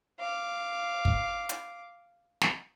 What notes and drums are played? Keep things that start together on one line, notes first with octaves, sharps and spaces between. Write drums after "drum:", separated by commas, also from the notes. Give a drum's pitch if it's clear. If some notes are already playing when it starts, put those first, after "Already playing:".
F5 D6
drum: kick
drum: hi-hat
drum: snare